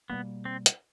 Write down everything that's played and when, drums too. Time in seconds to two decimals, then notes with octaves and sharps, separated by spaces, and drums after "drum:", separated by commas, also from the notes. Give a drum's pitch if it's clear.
0.10 B2 G3 A#3 B3
0.45 C4
0.66 drum: hi-hat